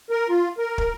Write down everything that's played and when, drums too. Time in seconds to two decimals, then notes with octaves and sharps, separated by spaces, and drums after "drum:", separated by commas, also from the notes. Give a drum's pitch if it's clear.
0.10 A#4
0.29 F4
0.58 A#4
0.78 drum: kick